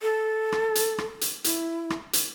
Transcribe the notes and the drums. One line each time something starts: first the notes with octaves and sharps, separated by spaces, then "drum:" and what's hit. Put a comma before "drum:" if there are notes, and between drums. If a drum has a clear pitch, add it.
A4
drum: rim click
drum: hi-hat
drum: rim click
drum: hi-hat
E4, drum: hi-hat
drum: rim click
drum: hi-hat